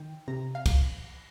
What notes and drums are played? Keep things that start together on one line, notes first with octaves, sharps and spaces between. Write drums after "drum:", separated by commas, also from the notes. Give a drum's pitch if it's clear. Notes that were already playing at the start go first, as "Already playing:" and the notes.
Already playing: D#3 G5
C3 A#5
F5
drum: kick, cymbal